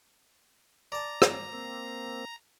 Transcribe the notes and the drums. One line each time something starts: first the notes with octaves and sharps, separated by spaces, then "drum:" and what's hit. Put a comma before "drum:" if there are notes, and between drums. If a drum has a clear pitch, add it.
D5 A5 A#5
drum: rim click
A#3 C4